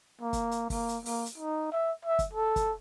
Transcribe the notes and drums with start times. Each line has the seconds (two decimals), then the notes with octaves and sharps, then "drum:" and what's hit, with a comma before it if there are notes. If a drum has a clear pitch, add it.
0.21 A#3
0.33 drum: kick, hi-hat
0.51 drum: hi-hat
0.70 A#3, drum: kick, open hi-hat
0.89 drum: hi-hat
1.06 A#3, drum: open hi-hat
1.26 drum: hi-hat
1.38 D#4
1.72 E5
2.05 E5
2.19 drum: kick, hi-hat
2.33 A4
2.56 drum: kick, hi-hat